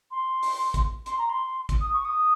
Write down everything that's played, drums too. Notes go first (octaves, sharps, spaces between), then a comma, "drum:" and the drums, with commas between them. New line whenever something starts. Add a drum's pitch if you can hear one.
C6
drum: open hi-hat
drum: kick, hi-hat
C6, drum: hi-hat
A#5
C6
drum: kick, hi-hat
D#6
C#6
D#6